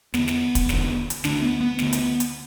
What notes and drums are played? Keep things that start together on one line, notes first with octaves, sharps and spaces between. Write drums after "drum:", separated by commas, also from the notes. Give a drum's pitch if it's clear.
E2 D3 B3, drum: snare
drum: snare
drum: kick, hi-hat
E2 D3, drum: snare
drum: hi-hat
D2 D3 D4, drum: snare
B3
B3
D2 D3, drum: snare
drum: hi-hat
drum: hi-hat